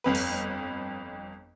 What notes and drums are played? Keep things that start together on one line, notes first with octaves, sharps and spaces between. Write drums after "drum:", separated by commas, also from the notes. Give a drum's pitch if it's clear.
G1 F2 B4
drum: open hi-hat